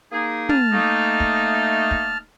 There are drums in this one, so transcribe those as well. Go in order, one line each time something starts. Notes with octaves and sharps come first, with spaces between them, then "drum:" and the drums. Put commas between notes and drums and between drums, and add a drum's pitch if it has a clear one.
A#3 D#4 G#4
A5 F6, drum: tom
A3 A#3 D#4
drum: kick
drum: kick